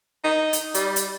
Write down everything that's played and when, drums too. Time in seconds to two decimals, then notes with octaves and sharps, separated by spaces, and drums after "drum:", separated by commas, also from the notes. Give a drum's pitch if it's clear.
0.24 D#4
0.53 drum: hi-hat
0.74 G3, drum: hi-hat
0.96 drum: hi-hat